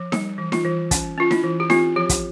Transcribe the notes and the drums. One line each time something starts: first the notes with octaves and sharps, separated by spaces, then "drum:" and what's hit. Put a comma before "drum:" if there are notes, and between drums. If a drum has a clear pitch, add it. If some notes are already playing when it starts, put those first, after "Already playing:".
Already playing: F3
G3, drum: snare D#4
E3
F4, drum: snare D#4
E3
C#4, drum: kick, hi-hat
C#4 F4
E4, drum: snare D#4
E3
G4
C4 F4, drum: snare D#4
F3 G4
drum: kick, hi-hat